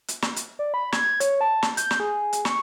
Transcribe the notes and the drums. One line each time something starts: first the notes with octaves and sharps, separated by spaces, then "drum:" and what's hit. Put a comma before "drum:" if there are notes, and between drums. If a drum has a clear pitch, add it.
drum: hi-hat
drum: snare
drum: hi-hat
D5
B5
G#6, drum: snare
C#5, drum: hi-hat
A5
drum: snare
G6, drum: hi-hat
drum: snare
G#4
drum: hi-hat
C#6, drum: snare